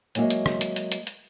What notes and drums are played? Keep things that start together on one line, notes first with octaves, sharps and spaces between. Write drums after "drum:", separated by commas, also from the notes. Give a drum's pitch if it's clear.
F#3 G#3 A#3 F#4 E5, drum: hi-hat
drum: hi-hat
drum: rim click
drum: hi-hat
drum: hi-hat
drum: hi-hat
drum: hi-hat